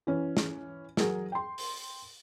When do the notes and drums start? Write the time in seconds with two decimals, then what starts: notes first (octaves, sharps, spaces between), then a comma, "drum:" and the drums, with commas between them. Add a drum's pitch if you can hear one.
0.07 E3 C#4
0.37 drum: snare
0.97 F#3 G#4 A#4, drum: snare
1.32 G5 C6
1.58 drum: open hi-hat